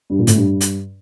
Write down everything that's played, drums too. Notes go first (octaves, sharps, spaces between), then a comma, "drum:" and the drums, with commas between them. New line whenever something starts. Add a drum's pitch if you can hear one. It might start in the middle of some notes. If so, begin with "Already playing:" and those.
G2
A#2
A2, drum: hi-hat
G2
drum: hi-hat